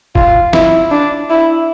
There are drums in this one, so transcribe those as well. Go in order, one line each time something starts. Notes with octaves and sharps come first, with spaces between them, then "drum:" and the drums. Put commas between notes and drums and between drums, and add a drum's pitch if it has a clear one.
F4, drum: kick
E4, drum: snare
D4
E4